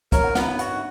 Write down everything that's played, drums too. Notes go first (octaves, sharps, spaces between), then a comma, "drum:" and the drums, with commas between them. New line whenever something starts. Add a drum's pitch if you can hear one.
A#4 C#5, drum: kick, hi-hat
F#5
B3 F#5, drum: snare
F#5
F#4 F#5, drum: hi-hat